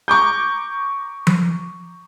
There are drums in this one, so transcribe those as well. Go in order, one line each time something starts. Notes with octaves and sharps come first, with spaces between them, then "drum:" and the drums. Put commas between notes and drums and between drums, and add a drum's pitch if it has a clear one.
A#5 C#6 D6 G6
drum: tom F3